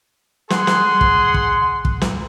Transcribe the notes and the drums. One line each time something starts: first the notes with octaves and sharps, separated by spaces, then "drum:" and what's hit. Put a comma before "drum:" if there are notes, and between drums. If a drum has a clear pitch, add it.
G#4 F#5 C6, drum: snare
drum: snare
drum: kick
drum: kick
drum: kick
drum: snare